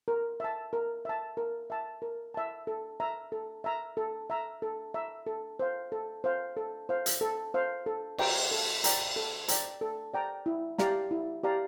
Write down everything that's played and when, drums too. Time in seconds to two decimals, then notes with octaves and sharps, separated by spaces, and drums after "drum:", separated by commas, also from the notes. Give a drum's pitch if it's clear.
0.08 A#4
0.40 E5 A5
0.73 A#4
1.05 E5 A5
1.37 A#4
1.70 E5 A5
2.02 A#4
2.34 E5 A5
2.67 A4
3.00 E5 A#5
3.32 A4
3.64 E5 A#5
3.97 A4
4.30 E5 A#5
4.62 A4
4.94 E5 A#5
5.27 A4
5.59 C5 F5
5.92 A4
6.24 C5 F5
6.57 A4
6.89 C5 F5
7.06 drum: hi-hat
7.21 A4
7.54 C5 F5
7.86 A4
8.18 D5 G5 A#5, drum: cymbal
8.51 A4
8.84 D5 G5 A#5, drum: hi-hat
9.16 A4
9.48 D5 G5 A#5, drum: hi-hat
9.81 A4
10.14 D5 G5 A#5
10.46 E4
10.78 G4 D5 F5 A#5, drum: snare
11.11 E4
11.43 G4 D5 F5 A#5